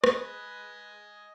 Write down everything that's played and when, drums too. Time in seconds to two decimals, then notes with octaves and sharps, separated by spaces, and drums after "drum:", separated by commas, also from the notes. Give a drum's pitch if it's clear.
0.04 B4 D#5 G#5, drum: rim click